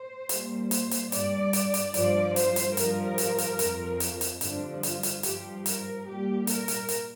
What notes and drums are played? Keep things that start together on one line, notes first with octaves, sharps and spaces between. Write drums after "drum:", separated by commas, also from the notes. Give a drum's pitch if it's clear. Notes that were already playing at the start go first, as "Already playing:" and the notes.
Already playing: C5
A#2 G3, drum: hi-hat
C5, drum: hi-hat
drum: hi-hat
G2 G3 D5, drum: hi-hat
drum: hi-hat
drum: hi-hat
G2 F3 D5, drum: hi-hat
C5, drum: hi-hat
drum: hi-hat
G2 F3 A#4, drum: hi-hat
drum: hi-hat
drum: hi-hat
F2 F3, drum: hi-hat
drum: hi-hat
drum: hi-hat
G2 D3 F3 D4, drum: hi-hat
F4, drum: hi-hat
drum: hi-hat
G2 F3 G4, drum: hi-hat
A#4, drum: hi-hat
A#2 G3 G4
A#4, drum: hi-hat
drum: hi-hat
drum: hi-hat